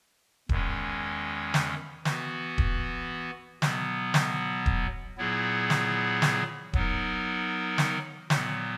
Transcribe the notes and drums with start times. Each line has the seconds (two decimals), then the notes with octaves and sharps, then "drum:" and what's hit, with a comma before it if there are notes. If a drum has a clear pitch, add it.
0.49 E2 D#3 G#3 C#4, drum: kick D#1
1.54 drum: snare
2.05 E3 B3 F#4, drum: snare
2.58 drum: kick D#1
3.62 B2 F#3 B3, drum: snare
4.14 drum: snare
4.66 drum: kick D#1
5.18 A#2 F#3 B3 E4 G#4
5.70 drum: snare
6.22 drum: snare
6.73 F#3 B3 D#4 A#4, drum: kick D#1
7.78 drum: snare
8.30 A#2 F#3 B3, drum: snare